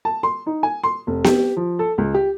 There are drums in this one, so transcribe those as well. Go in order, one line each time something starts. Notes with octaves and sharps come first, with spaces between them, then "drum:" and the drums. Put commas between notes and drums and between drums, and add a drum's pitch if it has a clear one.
A5
C6
D#4
G#5
C6
F1
G4, drum: snare B3
F3
A4
C#2
G4